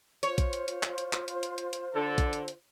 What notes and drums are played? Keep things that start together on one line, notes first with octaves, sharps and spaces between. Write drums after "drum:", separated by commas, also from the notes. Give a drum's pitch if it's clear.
F4 C5 C#5, drum: hi-hat
drum: kick A#1, hi-hat
drum: hi-hat
drum: hi-hat
drum: clap
drum: hi-hat
drum: clap
drum: hi-hat
drum: hi-hat
drum: hi-hat
drum: hi-hat
D3 A4
drum: kick A#1, hi-hat
drum: hi-hat
drum: hi-hat